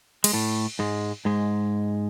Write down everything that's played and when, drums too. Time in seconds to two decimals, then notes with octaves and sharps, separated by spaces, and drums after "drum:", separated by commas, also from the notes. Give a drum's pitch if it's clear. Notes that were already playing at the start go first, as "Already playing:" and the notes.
0.24 G#3, drum: cymbal
0.33 A2 A3
0.79 G#2 G#3
1.25 G#2 G#3